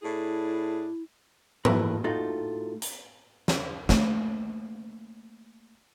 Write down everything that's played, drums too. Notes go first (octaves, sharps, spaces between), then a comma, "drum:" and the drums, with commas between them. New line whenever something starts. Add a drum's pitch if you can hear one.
A2 D4 E4 G#4
E3 A3 E4 A#4 B4, drum: tom
A2 D#4 F4 F#4 A4
drum: hi-hat
drum: snare
A3 A#3, drum: snare